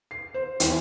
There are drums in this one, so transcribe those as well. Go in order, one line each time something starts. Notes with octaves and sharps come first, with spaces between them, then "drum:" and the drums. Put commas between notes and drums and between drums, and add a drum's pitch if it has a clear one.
C7
C5
E2, drum: hi-hat